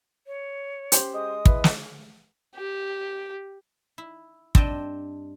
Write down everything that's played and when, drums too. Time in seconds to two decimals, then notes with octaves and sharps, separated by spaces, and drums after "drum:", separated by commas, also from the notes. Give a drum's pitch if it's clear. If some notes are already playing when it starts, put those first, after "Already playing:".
0.27 C#5
0.92 C#4 G4 C5, drum: hi-hat
1.14 G#3 D#6
1.46 E4 B4, drum: kick
1.64 drum: snare
2.55 G4
3.98 E4
4.55 G2 C4 D4 D#5 G5, drum: kick